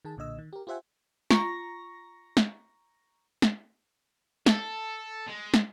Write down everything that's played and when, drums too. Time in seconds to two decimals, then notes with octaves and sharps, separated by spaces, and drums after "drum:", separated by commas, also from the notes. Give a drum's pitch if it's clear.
0.05 D#3 G#4 A5
0.17 B1 A#2 D3 D#5 E6
0.39 D#3
0.53 G4 A#4
0.67 F4 G4 C5 E5 F#5 G#5
1.31 F4 A#5 C#6 A#6, drum: snare
2.37 drum: snare
3.42 drum: snare
4.46 A4, drum: snare
5.27 G#3
5.54 drum: snare